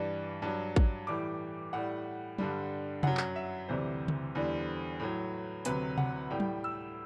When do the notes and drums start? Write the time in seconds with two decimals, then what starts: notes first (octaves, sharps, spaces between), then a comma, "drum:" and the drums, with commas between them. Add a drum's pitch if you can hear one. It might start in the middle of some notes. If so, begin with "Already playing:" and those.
Already playing: G2 E3 G3
0.42 G2 F#3
0.76 drum: kick
1.07 A2 E3 G3 D6
1.73 A2 G3 F#5
2.38 G2 D3 G3, drum: tom F#3
3.03 F#2 F#3 F#5, drum: tom C3
3.17 drum: clap
3.36 E5
3.68 D2 C3 E3 G3 C5
4.08 drum: tom C#3
4.35 E2 D3 G3
5.00 A2 F#3
5.65 D2 C3 F#3 B4, drum: hi-hat
5.98 F#5, drum: tom C3
6.30 A2 G3 G5
6.40 drum: tom F#3
6.64 E6